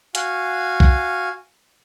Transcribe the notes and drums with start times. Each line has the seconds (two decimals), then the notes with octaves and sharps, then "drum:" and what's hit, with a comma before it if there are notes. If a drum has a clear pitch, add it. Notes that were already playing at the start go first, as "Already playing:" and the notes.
0.15 F#4 F5 G#5, drum: hi-hat
0.80 drum: kick B1